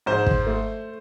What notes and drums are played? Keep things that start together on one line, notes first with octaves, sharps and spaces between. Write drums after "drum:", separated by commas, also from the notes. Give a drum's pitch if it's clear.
G#2 C5
drum: kick
A3